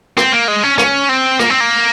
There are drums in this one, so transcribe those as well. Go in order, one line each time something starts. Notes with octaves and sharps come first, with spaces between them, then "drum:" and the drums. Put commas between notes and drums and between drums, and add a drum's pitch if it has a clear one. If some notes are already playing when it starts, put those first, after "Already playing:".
C4, drum: rim click
A#3
G#3
C#4
C#4, drum: rim click
C4
A#3, drum: rim click
C4
A#3